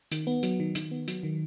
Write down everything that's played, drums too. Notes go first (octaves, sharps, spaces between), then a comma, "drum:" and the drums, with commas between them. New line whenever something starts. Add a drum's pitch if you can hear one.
D#3, drum: hi-hat
B3
F#3, drum: hi-hat
D#3
D#3, drum: hi-hat
B3
F#3, drum: hi-hat
D#3